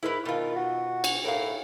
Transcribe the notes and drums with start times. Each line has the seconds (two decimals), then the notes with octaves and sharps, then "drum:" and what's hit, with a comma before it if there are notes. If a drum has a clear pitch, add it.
0.03 G#2 E4 A#4 B4
0.25 B2 D#3 F4
0.56 F#4
1.04 drum: cymbal
1.24 A2 A#4 F5